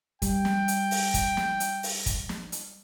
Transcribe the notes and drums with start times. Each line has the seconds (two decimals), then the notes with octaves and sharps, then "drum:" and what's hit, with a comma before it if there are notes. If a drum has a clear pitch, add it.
0.22 G3 G5, drum: kick, hi-hat
0.45 drum: snare
0.68 drum: hi-hat
0.91 drum: open hi-hat
1.14 drum: kick, hi-hat
1.37 drum: snare
1.60 drum: hi-hat
1.83 drum: open hi-hat
2.06 drum: kick, hi-hat
2.29 drum: snare
2.52 drum: hi-hat